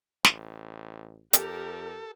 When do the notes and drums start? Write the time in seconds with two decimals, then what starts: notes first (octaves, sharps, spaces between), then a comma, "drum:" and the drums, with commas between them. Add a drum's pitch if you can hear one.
0.25 A1, drum: snare
1.33 F2 G4 A4 A#4, drum: hi-hat